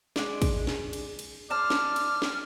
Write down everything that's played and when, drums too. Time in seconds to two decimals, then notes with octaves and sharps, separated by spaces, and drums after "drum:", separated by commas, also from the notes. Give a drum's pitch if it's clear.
0.16 G#3 D5, drum: snare
0.42 drum: kick, cymbal
0.67 drum: snare
0.93 drum: cymbal
1.19 drum: cymbal
1.51 C5 D5 A5 F6
1.70 drum: snare
1.96 drum: cymbal
2.22 drum: snare